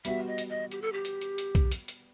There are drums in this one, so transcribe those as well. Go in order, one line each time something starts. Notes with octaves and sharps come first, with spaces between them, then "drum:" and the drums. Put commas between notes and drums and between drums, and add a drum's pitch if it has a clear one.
G3 B3 F#4 E5, drum: hi-hat
D#5
drum: hi-hat
D#5
G4, drum: hi-hat
A4
G4
drum: hi-hat
drum: hi-hat
drum: hi-hat
drum: kick B1, hi-hat
drum: hi-hat
drum: hi-hat